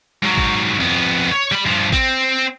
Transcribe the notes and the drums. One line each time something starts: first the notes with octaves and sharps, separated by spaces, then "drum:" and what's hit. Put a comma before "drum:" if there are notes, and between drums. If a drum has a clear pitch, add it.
G#2 F#3
drum: kick
F2 B3
C#5
G3 B5
G2 F3
C4, drum: kick